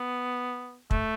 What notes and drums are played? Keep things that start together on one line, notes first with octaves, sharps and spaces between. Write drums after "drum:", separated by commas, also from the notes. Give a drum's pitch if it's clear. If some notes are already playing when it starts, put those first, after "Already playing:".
Already playing: B3
A3, drum: kick